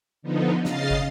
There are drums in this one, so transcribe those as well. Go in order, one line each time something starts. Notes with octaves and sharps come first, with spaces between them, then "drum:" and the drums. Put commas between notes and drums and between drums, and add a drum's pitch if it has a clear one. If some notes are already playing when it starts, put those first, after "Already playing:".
D3 F3 B3 D#4
C#3 D#5 F5 A6 C7, drum: snare
drum: kick